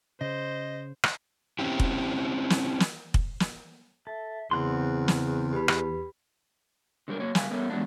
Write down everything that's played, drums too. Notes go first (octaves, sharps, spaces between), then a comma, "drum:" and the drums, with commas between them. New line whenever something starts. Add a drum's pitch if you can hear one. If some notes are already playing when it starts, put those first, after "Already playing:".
C#3 C5 D#5
drum: rim click
C4 C#4 E4 G4
drum: kick
drum: snare
drum: snare
drum: kick
drum: snare
A4 E5
E2 C#3 C4 F#5 C6
drum: snare
G4 B4 B5
drum: rim click
D3 F#3 G3 A4 A#4
F#3 A#3 C#5
C#3 G3 A3 B4 F5 G#5, drum: snare
G3 A3 B3 A#4 C#5
E3 F#3 G#3 B3 D4